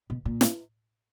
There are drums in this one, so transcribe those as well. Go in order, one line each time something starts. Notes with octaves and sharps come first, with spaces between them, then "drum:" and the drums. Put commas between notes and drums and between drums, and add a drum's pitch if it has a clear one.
B2
A#2
drum: snare